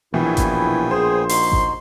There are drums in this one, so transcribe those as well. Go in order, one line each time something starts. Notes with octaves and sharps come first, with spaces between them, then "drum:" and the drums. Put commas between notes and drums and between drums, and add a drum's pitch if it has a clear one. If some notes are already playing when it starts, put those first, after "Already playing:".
A#1 B2 E3 B3 E4 G5 G#5
drum: kick G#1, hi-hat
G#4 C5
D#4 F#4 C6, drum: open hi-hat
drum: kick G#1